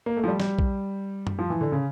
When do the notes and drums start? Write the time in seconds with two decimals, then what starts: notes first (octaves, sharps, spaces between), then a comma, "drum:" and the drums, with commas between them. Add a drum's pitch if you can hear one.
0.06 A#3
0.17 A3
0.24 F3
0.28 G3
0.40 G3, drum: snare
0.59 drum: kick A#1
1.27 drum: tom F#2
1.39 F3
1.50 E3
1.61 D3
1.72 C#3